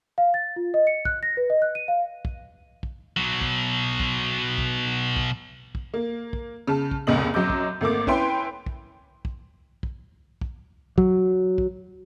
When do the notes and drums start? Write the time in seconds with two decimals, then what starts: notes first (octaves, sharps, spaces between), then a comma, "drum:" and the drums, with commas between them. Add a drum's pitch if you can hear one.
0.18 F5
0.34 A6
0.56 F4
0.74 D#5
0.87 C#7
1.05 F#6, drum: kick
1.23 A#6
1.37 B4
1.50 D#5
1.62 F#6
1.75 D#7
1.88 F5
2.25 drum: kick
2.83 drum: kick
3.17 B2 F#3
3.41 drum: kick
4.00 drum: kick
4.58 drum: kick
5.16 drum: kick
5.75 drum: kick
5.94 A#3
6.33 drum: kick
6.67 C#3 A5
6.91 drum: kick
7.07 F1 C#2 A#2 D#5 F#7
7.34 F#2 F#3 D#5 D6 G6
7.50 drum: kick
7.81 G#1 A3 A#3 D6
8.07 C#4 E4 B4 G5 C6, drum: kick
8.66 drum: kick
9.25 drum: kick
9.83 drum: kick
10.41 drum: kick
10.98 F#3, drum: kick
11.58 drum: kick